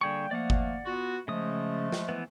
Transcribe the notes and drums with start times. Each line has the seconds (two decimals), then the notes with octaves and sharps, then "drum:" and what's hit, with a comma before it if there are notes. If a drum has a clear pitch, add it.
0.01 D3 G3 A#3 G#4 G5 C#6
0.31 F3 A3 A#3 D5 F#5
0.50 drum: kick G1
0.85 B3 F4 F#4
1.28 C#3 F3 G#3 A3 D#6
1.92 drum: snare
2.09 E3 B3